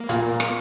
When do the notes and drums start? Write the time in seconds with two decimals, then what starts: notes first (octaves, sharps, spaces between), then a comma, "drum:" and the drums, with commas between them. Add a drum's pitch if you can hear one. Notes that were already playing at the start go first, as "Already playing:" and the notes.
Already playing: A#3
0.09 A#2, drum: hi-hat
0.40 drum: rim click